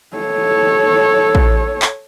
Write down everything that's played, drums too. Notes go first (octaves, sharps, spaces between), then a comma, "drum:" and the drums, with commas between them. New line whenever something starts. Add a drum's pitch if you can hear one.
A4 C#5
drum: kick
drum: clap